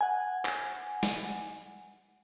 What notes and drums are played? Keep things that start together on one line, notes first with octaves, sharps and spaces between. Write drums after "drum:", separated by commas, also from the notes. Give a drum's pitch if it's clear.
F#5 G#5
drum: clap
drum: snare